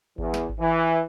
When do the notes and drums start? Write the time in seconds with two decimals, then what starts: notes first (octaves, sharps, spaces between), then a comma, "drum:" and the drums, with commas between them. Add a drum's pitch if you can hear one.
0.18 E2, drum: kick G#1
0.34 drum: snare
0.49 drum: kick G#1
0.60 E3